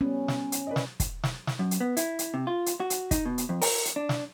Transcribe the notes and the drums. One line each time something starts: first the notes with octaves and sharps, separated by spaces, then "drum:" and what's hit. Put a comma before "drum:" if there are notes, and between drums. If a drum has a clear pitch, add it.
G3 B3 C#4
drum: snare
drum: hi-hat
B4 D5 D#5
drum: snare
drum: kick, hi-hat
drum: snare
drum: snare
F#2
drum: hi-hat
B3
E4, drum: hi-hat
drum: hi-hat
C3
F4
drum: hi-hat
F#4
drum: hi-hat
D#4, drum: kick, hi-hat
B2
drum: hi-hat
F2
A#4, drum: open hi-hat
drum: hi-hat
D4
drum: snare